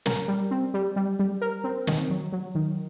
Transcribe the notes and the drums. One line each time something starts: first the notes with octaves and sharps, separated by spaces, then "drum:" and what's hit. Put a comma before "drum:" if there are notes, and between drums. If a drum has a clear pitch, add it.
A#4, drum: snare
G3
C4
G3
G3
G3
A#4
C4
D#3, drum: snare
F#3
F#3
D#3